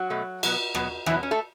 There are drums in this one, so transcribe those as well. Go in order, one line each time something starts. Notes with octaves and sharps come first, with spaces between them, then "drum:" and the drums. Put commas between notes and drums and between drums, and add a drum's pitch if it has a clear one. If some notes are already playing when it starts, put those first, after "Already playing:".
Already playing: F#3 F#4
B2 A3
B2 F#3 B3, drum: cymbal
B2 F#3 B3, drum: rim click
B2 E3 F#3 B3 E4, drum: rim click
C#4
A3 A4